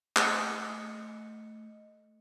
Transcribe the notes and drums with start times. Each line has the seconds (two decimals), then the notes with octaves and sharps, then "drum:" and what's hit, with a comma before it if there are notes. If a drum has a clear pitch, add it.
0.16 A3 D#5 C#7, drum: clap